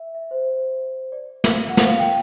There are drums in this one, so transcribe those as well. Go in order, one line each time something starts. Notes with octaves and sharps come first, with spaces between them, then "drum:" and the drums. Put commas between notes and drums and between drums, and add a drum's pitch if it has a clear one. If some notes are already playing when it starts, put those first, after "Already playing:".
Already playing: E5
E5
C5
D5
drum: snare
F#5
F5, drum: snare
F5
G5